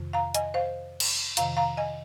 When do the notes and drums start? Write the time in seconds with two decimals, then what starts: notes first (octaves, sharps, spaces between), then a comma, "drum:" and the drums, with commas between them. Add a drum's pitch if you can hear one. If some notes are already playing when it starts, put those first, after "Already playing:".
Already playing: F2 C3 D#3
0.13 F5 A#5
0.34 D#5 G#5, drum: hi-hat
0.54 C5 F5
1.00 drum: cymbal
1.37 F2 C3 D#3 F5 A#5, drum: hi-hat
1.57 F5 A#5
1.77 D#5 G#5